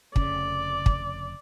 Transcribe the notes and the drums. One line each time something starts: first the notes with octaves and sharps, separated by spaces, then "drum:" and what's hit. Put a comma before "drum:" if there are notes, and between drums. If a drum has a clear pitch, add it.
F1 C#3 D5, drum: kick
drum: kick